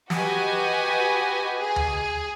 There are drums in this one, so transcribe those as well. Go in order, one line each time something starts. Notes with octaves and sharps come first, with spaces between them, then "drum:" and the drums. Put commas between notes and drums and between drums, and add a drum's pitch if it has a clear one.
F#4 G4 B4 D#5 G#5, drum: snare
G#4
drum: tom D2